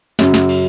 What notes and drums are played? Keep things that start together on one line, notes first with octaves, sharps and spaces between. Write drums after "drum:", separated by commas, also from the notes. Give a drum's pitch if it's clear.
F#2 C#3 F#3, drum: snare
drum: snare
drum: cymbal